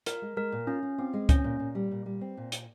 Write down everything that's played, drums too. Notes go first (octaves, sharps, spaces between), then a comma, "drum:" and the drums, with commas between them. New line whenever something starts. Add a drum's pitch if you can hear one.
F4 A#4, drum: hi-hat
G#3
G#3 A#4
A#2
C#4 F4
F4
C4 F4
G#3
A#2 C#4, drum: kick C#2, hi-hat
A#2
A#2
G3
A#2
G3
C4
A#2
drum: hi-hat